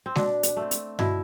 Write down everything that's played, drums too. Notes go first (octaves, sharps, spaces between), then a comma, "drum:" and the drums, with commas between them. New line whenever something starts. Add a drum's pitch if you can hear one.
C4
B2 D4, drum: snare
drum: hi-hat
A3 C4
drum: hi-hat
B2 E4, drum: tom G2